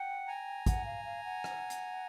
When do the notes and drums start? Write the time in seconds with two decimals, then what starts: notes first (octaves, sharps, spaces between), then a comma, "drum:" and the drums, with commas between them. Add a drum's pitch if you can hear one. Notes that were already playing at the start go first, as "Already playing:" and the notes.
Already playing: F#5 G5
0.28 G#5 A#5
0.66 F#5, drum: kick, hi-hat
0.86 F5
1.05 F5
1.24 F#5
1.44 drum: rim click
1.70 drum: hi-hat